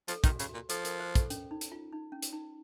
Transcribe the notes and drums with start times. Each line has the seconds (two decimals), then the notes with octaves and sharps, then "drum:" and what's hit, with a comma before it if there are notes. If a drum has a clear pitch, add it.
0.08 F3 A4, drum: hi-hat
0.24 D#3, drum: kick, hi-hat
0.28 F#4
0.39 C#3, drum: hi-hat
0.49 A#2 F#4
0.70 F3 A4, drum: hi-hat
0.85 A#4, drum: hi-hat
1.00 C5
1.15 A4, drum: kick, hi-hat
1.30 C#4, drum: hi-hat
1.51 D#4
1.61 drum: hi-hat
1.72 F4
1.92 D#4
2.12 C#4
2.22 drum: hi-hat
2.32 D#4